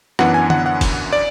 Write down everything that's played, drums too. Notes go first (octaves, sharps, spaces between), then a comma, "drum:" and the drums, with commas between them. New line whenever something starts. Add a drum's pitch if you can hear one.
F#2 E3 B3 D4 F#5, drum: rim click
G#5
F#5, drum: tom D3
F#5
drum: kick, cymbal
D5